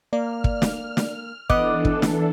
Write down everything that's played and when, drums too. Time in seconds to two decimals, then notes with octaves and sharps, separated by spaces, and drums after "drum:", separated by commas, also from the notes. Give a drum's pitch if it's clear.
0.13 A#3 D5 F6
0.44 drum: kick
0.62 drum: snare
0.97 drum: snare
1.50 E3 B3 D4 A4 D#5 D6 F#6, drum: kick
1.85 drum: kick
2.02 drum: snare